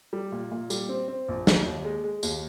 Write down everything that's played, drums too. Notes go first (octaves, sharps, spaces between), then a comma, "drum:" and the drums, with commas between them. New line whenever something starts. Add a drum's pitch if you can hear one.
G3
A#2
A#2
G3, drum: tambourine
C4
C4
A#1
D#2, drum: snare
D#2
G#3
G#3
D#2, drum: tambourine